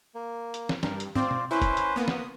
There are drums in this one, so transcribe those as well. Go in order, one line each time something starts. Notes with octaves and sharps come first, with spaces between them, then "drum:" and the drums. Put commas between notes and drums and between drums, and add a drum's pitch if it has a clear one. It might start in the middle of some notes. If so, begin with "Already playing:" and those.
A#3
drum: hi-hat
drum: snare
G2 A#4, drum: snare
drum: hi-hat
C4 F4 D5, drum: tom
drum: tom B2
C#4 E4 B4 C5
drum: kick, hi-hat
drum: hi-hat
A#3 B3 D#6
drum: snare